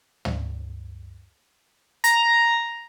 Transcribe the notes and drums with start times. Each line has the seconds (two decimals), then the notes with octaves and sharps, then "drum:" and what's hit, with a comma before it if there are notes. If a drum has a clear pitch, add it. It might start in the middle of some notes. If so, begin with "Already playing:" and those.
0.25 drum: tom
2.04 A#5, drum: hi-hat